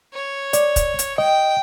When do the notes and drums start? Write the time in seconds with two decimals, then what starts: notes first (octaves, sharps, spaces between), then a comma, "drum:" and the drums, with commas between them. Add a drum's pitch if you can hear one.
0.13 C#5
0.53 D5, drum: hi-hat
0.76 drum: kick, hi-hat
0.99 drum: hi-hat
1.18 D#5 G5